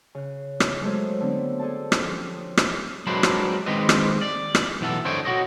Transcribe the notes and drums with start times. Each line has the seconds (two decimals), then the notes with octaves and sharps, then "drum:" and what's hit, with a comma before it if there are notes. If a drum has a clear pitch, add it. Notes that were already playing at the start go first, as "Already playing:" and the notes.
0.15 C#3 F#6
0.60 drum: rim click
0.82 F#3 G#3 A3 A4 C5 C#5
1.20 D3 B3 C4 D4
1.59 G#4 A4 C5 D5 A5
1.92 drum: rim click
2.01 F3 C#4 G4
2.57 drum: rim click
3.07 F#3 G#3 A#3 D4 B4 C5
3.23 drum: rim click
3.66 D#3 G#3 C4 G4 B4 D#5
3.89 drum: rim click
4.21 D5
4.55 drum: rim click
4.81 B1 E3 B3 A4
5.05 D3 C5 C#5 D#5 G5
5.25 F#4 C#5 D#5